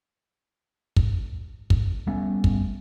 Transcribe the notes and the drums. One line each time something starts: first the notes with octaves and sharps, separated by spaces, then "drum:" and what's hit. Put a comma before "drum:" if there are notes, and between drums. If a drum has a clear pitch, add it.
drum: kick
drum: kick
G3 A3 B3 C#4
drum: kick